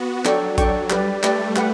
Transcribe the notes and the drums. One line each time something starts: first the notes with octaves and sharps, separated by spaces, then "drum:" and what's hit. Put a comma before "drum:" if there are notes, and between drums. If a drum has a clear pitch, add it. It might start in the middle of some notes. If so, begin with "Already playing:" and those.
Already playing: B3 F#4
F#3 D4 A4 D5 G5 C#6, drum: clap
D4 A4 D5 G5 C#6, drum: kick, hi-hat
G3 G4 B4 D5, drum: clap
A3 G4 B4 D5, drum: clap
G4 B4 F#5, drum: clap